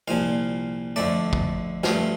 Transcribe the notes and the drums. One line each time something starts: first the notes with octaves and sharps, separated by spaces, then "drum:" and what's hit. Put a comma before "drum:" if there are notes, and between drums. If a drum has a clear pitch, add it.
C2 A#2 F3 F5
F2 D3 A3 D5
drum: kick
G2 F3 A3 F5, drum: snare